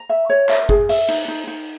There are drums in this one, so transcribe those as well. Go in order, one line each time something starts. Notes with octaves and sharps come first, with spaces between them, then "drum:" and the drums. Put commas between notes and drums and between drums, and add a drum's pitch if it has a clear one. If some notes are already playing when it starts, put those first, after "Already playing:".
Already playing: A#5
E5
C#5
E5, drum: clap
G#4, drum: kick
E5, drum: open hi-hat
D#4, drum: cymbal
D#4
D#4